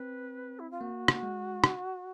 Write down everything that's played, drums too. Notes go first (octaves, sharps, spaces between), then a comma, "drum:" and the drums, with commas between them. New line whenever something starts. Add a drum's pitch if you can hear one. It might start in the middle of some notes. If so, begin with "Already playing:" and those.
Already playing: C4 B4
E4
F4
A#3 F#4
drum: rim click
G#3
drum: rim click